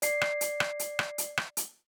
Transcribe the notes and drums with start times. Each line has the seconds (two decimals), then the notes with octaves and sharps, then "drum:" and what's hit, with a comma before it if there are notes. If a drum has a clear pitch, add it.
0.02 D5 C7, drum: hi-hat
0.21 drum: rim click
0.41 drum: hi-hat
0.60 drum: rim click
0.79 drum: hi-hat
0.99 drum: rim click
1.18 drum: hi-hat
1.37 drum: rim click
1.57 drum: hi-hat